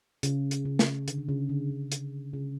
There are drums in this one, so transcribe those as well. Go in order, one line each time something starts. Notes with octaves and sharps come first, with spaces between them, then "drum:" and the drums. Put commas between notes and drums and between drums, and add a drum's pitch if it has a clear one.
C#3, drum: hi-hat
drum: hi-hat
C#3
drum: snare
D3, drum: hi-hat
D3
C#3
D3
D3
drum: hi-hat
C#3